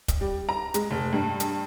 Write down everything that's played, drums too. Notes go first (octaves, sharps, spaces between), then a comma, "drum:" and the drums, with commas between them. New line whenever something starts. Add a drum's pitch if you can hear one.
drum: kick, hi-hat
G3
A#5
G#3, drum: hi-hat
F1
G2
drum: hi-hat